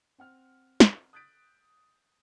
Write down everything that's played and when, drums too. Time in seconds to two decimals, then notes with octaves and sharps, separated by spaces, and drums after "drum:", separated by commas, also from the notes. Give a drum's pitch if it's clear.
0.18 C4 F#5 F6
0.80 drum: snare
1.13 D#6 F#6 G6 A6 B6 D7